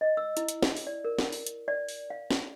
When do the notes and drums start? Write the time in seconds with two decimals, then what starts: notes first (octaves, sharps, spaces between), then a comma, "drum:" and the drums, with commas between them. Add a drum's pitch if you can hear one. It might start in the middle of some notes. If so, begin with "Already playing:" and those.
0.01 D#5
0.17 E6
0.37 E4, drum: hi-hat
0.49 drum: hi-hat
0.63 drum: snare
0.77 drum: open hi-hat
0.87 D5
1.05 A#4
1.19 drum: snare
1.33 drum: open hi-hat
1.47 drum: hi-hat
1.68 D5
1.89 drum: open hi-hat
2.10 F5
2.31 drum: snare